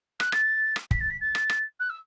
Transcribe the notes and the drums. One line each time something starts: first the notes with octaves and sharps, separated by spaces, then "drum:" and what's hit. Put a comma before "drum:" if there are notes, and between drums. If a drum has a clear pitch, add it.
F#6, drum: rim click
A6, drum: rim click
drum: rim click
B6, drum: kick
A6
B6
A6
drum: rim click
drum: rim click
F#6
E6